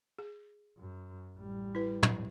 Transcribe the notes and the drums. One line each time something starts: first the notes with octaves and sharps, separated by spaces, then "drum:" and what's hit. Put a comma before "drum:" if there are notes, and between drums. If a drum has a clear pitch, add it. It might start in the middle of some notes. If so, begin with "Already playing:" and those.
G#4
F#2
A1 G3
E4 B4
drum: tom